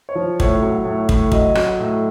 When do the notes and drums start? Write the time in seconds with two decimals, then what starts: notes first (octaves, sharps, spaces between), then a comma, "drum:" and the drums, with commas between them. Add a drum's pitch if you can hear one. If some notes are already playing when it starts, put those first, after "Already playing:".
0.09 C#5
0.15 F3
0.40 A2 C#5, drum: kick
0.63 F#3
0.85 A2
1.09 A2, drum: kick
1.32 F#3 D#5, drum: kick
1.55 F#3, drum: rim click
1.79 A2